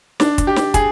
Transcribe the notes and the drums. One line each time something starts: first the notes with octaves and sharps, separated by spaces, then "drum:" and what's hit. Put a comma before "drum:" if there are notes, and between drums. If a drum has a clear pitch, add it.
D4, drum: snare
drum: kick, hi-hat
G4
drum: snare
G#4, drum: kick, hi-hat